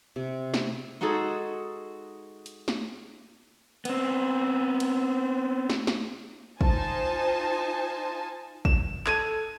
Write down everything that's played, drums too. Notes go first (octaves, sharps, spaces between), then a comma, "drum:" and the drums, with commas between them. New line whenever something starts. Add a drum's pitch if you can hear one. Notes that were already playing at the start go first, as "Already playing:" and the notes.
C3
drum: snare
G#3 D#4 F#4 G#4 A4
drum: hi-hat
drum: snare
B3 C4, drum: cymbal
drum: cymbal
drum: snare
drum: snare
D#4 F4 C5 G#5 A5, drum: kick
E7, drum: kick
A4 G#6 D#7, drum: clap